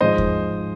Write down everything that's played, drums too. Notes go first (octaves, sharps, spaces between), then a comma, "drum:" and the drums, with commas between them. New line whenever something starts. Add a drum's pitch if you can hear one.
G#2 F3 G#3 C5 D#5
drum: kick D#2